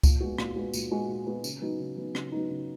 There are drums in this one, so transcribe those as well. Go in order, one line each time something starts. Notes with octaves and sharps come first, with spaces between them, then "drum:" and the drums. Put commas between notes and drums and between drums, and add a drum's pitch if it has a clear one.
A#2, drum: kick C#2, tambourine
G#3 B3 F#4
A#2, drum: rim click
G#3 B3 F#4
A#2, drum: tambourine
G#3 B3 F#4
A#2
G#3 B3 F#4
C#3, drum: tambourine
F#3 B3 D#4
C#3
F#3 B3 D#4
C#3, drum: rim click
F#3 B3 D#4
C#3